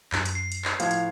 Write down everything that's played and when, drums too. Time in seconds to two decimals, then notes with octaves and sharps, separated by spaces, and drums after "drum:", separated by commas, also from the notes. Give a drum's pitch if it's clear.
0.12 F#2 D4, drum: clap
0.26 drum: hi-hat
0.35 C7
0.52 drum: hi-hat
0.65 drum: clap
0.80 A2 F3 F5 G#6, drum: hi-hat
0.91 drum: hi-hat